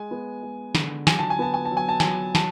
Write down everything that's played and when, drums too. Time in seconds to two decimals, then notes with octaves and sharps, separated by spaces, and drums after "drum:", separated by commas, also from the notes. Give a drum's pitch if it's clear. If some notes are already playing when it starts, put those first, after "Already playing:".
Already playing: G#3 G#5
0.11 B3
0.43 G#3
0.75 D3, drum: snare
1.07 F#3 G#5, drum: snare
1.19 A5
1.30 G#5
1.39 B3 A5
1.54 G#5
1.65 A5
1.71 F#3
1.77 G#5
1.89 A5
2.00 F#3 G#5, drum: snare
2.35 A5, drum: snare